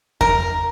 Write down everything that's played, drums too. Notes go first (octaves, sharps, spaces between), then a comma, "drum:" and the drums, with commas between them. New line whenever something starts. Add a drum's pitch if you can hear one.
A#4, drum: kick E2